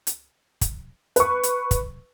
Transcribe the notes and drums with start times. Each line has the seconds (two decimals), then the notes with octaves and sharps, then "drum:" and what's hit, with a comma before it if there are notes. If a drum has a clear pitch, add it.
0.07 drum: hi-hat
0.61 drum: kick, hi-hat
1.16 B4 C#6, drum: hi-hat
1.43 drum: hi-hat
1.71 drum: kick, hi-hat